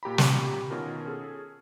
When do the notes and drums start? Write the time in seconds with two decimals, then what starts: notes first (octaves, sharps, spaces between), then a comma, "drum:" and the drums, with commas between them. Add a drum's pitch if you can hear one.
0.03 A#2 G4 A#5 B5
0.18 drum: snare
0.71 B2 D#3 C#4 F4 A#4
1.05 C#4 G#4 A4